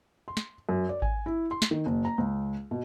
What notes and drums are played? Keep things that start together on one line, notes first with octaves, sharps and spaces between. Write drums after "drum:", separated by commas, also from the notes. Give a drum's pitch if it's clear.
C6
drum: snare
F#2
D5
G#5, drum: kick G#1
E4
C6
drum: snare
D#3
F#1
A#5
C#2
B2